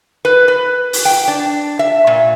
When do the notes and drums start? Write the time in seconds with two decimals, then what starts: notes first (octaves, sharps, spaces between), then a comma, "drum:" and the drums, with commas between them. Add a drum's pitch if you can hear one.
0.25 B4
0.48 B4
0.93 drum: open hi-hat
1.05 G5
1.28 D4
1.79 E5
2.07 A#2